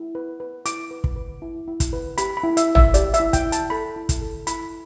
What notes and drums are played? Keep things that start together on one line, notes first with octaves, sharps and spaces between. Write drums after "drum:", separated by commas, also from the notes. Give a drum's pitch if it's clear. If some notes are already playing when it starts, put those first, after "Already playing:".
Already playing: E4
B4
B4
E4 D6, drum: hi-hat
B4
drum: kick
B4
E4
E4
drum: kick, hi-hat
B4
G4 B5, drum: hi-hat
B5
E4
E5, drum: hi-hat
E4
E5, drum: tom
G4 D5, drum: hi-hat
E5, drum: hi-hat
E4
G5, drum: kick, hi-hat
E4
A5, drum: hi-hat
A4 B5
E4
drum: kick, hi-hat
A4
E4 B5, drum: hi-hat